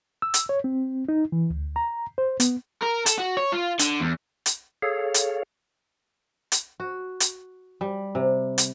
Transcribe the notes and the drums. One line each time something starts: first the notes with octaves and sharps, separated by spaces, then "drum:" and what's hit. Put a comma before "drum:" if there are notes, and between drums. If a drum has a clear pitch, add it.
E6
drum: hi-hat
C#5
C4
D#4
E3
D2
A#5
C5
B3, drum: hi-hat
A#4
A4, drum: hi-hat
F#4
C#5
F4
D3, drum: hi-hat
E2
drum: hi-hat
G#4 A4 C#5 F5
drum: hi-hat
drum: hi-hat
F#4
drum: hi-hat
G3
C3
drum: hi-hat